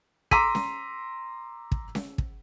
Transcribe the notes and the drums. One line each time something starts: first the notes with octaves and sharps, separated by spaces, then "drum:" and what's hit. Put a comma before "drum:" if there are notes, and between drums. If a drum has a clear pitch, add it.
A#5 C6 D6 E6 B6 D#7, drum: kick
drum: snare C#4
drum: kick
drum: snare C#4
drum: kick